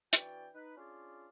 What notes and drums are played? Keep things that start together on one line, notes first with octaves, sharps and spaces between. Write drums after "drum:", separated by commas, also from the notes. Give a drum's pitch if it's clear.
E3 D4 F#4 D5 G5, drum: hi-hat
D#4 B4
C#4 D4 F4 G#4 D5 F5